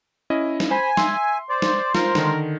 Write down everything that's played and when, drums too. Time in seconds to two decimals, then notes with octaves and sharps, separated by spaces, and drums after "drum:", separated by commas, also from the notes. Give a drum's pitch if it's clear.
0.30 C#4 E4 D#5
0.60 drum: snare
0.71 C5 G#5 B5
0.97 E5 C6, drum: snare
1.50 C5 D5
1.62 drum: snare
1.95 F4 A#4, drum: snare
2.15 D3 D#3, drum: snare